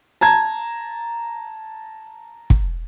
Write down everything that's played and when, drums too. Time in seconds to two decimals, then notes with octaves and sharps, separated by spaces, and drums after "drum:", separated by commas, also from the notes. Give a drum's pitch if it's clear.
0.21 A5 A#5 G#6
2.50 drum: kick